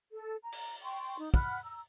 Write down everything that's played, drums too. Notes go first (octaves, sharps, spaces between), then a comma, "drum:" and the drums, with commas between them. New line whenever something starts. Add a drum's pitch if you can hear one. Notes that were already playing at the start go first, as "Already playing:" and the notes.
A4
A#5
drum: open hi-hat
G5 C6 C#6
D#4
F#5 B5 F6 F#6, drum: kick
A#5 E6